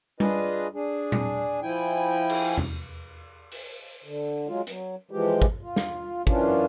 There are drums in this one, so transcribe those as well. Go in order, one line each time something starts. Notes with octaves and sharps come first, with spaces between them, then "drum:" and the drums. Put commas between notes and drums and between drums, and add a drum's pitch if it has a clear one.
D4 F4 G#4 B4 D#5, drum: tom G3
D4 G#4
drum: tom A#2
F3 E4 G5 G#5
drum: cymbal
drum: tom E2
drum: open hi-hat
D3
F#3 G#3 F4
F#3, drum: hi-hat
E3 F3 G#3 G4
drum: kick
F4
drum: snare
F#2 E3 C#4 D4 F4, drum: kick